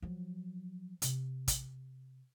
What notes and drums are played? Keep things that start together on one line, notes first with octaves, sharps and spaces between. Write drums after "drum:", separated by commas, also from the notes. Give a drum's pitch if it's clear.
F3 F#3
C3, drum: hi-hat
drum: kick, hi-hat